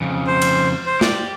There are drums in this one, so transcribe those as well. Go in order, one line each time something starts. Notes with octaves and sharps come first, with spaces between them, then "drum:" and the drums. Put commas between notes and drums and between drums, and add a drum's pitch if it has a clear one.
F2 C#3
C5
drum: cymbal
C5
G4 D5, drum: snare